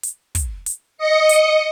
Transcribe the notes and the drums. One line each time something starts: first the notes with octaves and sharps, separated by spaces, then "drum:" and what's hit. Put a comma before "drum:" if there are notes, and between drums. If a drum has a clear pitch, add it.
drum: hi-hat
drum: kick, hi-hat
drum: hi-hat
D#5 C#7
drum: hi-hat